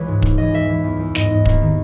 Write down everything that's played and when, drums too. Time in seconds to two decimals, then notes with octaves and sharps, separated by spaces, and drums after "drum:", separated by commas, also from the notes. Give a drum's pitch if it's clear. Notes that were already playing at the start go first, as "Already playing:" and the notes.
Already playing: C#2 E3 B4 C#5
0.08 G#2
0.22 E2, drum: kick
0.38 E3 D#5
0.54 E2 E5
0.69 E3
0.84 E2
0.99 E2
1.15 G#2 D#5, drum: snare
1.30 G#2
1.45 D#2, drum: kick
1.61 D#3